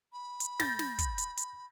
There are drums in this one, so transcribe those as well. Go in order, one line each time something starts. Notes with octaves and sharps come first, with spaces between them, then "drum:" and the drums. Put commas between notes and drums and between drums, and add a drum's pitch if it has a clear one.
B5
drum: hi-hat
G6 A6 A#6, drum: snare
drum: snare
drum: kick, hi-hat
drum: hi-hat
drum: hi-hat